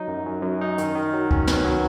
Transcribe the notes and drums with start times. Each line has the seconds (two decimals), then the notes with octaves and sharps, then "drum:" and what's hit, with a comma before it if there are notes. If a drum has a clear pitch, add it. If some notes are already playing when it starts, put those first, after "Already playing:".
Already playing: F#3 D#4
0.08 F#2
0.26 F#2
0.43 F#2
0.61 D#4
0.78 D#3, drum: hi-hat
0.95 D#3
1.13 F#3
1.31 C#4, drum: kick C#2
1.47 B4, drum: snare
1.65 F#3